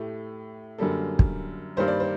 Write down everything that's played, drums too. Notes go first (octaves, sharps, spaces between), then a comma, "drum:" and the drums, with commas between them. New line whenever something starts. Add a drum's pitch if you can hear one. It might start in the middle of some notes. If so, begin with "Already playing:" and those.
Already playing: A2 A3 G4
F#2 D3 G3 A#3 A4
drum: kick
G2 D#3 G3 A#3 C5
D5
C5